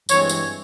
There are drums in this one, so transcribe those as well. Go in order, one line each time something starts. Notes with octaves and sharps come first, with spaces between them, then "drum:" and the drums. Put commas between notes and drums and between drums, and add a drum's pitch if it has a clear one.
G2 E3 G#3 C4 C#5, drum: tambourine
drum: tambourine